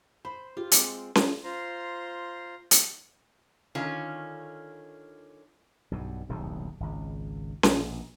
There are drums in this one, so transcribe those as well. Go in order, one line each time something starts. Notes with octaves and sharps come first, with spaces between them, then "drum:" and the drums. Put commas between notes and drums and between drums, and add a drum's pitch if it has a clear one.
C5 B5
F4 G4
G#3 C4 D6, drum: hi-hat
drum: snare C#4
F4 C5 A#5 C6
drum: hi-hat
D3 D#3 C#4 F4
B1 G2 B2
D#1 B1 E2 C3
G#1 C#2
A#1 B2, drum: snare C#4